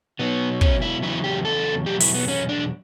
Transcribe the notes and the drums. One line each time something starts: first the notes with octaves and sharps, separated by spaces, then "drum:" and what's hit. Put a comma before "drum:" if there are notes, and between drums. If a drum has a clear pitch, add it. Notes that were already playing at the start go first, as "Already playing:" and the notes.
B2 F#3 B3
C#4, drum: kick
E4
E2 C#3 F#3 E4
G4
A4
E2 B2 F#3 G4
E4, drum: open hi-hat
B3
C#4
D4